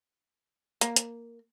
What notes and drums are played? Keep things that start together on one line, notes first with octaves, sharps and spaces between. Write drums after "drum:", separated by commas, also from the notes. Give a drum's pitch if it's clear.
A#3, drum: hi-hat
drum: hi-hat